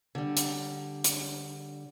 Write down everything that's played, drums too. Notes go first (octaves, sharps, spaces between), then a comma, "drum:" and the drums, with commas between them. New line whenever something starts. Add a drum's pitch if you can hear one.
D3 G3
drum: hi-hat
drum: hi-hat